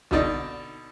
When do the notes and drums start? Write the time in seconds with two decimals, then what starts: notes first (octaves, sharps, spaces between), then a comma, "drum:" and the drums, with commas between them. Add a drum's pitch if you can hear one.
0.11 B2 D3 D#4 D5, drum: kick